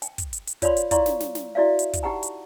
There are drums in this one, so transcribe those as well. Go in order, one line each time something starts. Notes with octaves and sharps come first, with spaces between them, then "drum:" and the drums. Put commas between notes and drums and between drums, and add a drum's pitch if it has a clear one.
G5, drum: hi-hat
drum: kick, hi-hat
drum: hi-hat
drum: hi-hat
F4 C#5 D5 F5 B5 C6, drum: kick, hi-hat
drum: hi-hat
E4 D5 F5 A#5 C6 C#6, drum: kick, hi-hat
drum: snare
drum: snare
drum: snare
E4 F#4 D5 E5 F5
drum: hi-hat
drum: kick, hi-hat
D#4 G4 F#5 G5 A#5
drum: hi-hat